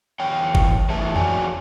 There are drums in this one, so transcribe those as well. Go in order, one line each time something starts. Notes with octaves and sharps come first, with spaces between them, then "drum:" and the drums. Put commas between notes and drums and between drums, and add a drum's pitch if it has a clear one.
E2 C#5 G5
drum: kick G1
A2 E3 G#4 E5 A5
F2 F#4 C#5 D5 G#5 A5, drum: tom E2